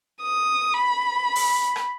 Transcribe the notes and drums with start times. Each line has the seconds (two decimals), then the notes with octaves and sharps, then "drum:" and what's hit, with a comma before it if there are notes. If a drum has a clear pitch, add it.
0.22 D#6
0.74 B5
1.35 drum: open hi-hat
1.76 drum: rim click